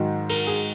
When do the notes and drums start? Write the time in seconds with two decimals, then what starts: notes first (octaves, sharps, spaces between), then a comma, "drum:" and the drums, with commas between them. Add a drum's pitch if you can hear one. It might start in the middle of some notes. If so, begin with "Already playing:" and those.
Already playing: G#2 D#3 F#3
0.30 A#4, drum: cymbal
0.47 G#4